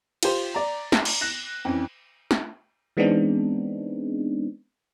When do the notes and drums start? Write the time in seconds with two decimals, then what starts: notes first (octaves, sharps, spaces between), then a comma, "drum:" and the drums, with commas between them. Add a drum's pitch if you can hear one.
0.23 F4 G4 C5, drum: cymbal
0.54 D5 A#5
0.92 drum: snare
1.05 drum: cymbal
1.21 F#6 A#6
1.65 F2 E3 C#4
2.31 drum: snare
2.97 E3 G#3 B3 C4 D4 D#4